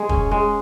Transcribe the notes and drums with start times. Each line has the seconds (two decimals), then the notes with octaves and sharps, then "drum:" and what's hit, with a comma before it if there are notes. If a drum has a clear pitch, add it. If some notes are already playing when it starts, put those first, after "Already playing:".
Already playing: G#3
0.09 C#4, drum: kick
0.31 G#3